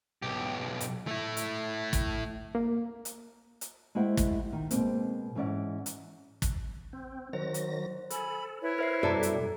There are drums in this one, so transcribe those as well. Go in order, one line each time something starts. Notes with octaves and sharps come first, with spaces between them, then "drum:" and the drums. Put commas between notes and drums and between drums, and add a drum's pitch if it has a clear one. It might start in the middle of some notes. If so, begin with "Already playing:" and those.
B1 G4
drum: hi-hat
A3 E4
drum: hi-hat
drum: kick, hi-hat
A#3
drum: hi-hat
drum: hi-hat
G#3 A3 E4 G4 C5 F#5
drum: kick, hi-hat
D#3
B2 G#3 A#3 C4, drum: hi-hat
G#2 E3 C#4 D5 F#5
drum: hi-hat
drum: kick, hi-hat
C4
D#3 F#3 C5 A#6
drum: hi-hat
A4 G#5 B5, drum: hi-hat
E4 B4 C#5
A#4 C5 E5 C7
F#2 B2 G3 A4 D5 A#5
drum: hi-hat